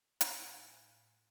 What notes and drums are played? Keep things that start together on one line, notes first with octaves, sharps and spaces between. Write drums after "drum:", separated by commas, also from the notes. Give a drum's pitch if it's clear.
A2 B4 C5 F5 G#5, drum: hi-hat